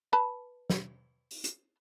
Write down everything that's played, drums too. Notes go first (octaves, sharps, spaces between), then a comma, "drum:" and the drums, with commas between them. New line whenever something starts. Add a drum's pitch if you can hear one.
B4 A5 B5
drum: snare
drum: open hi-hat
drum: hi-hat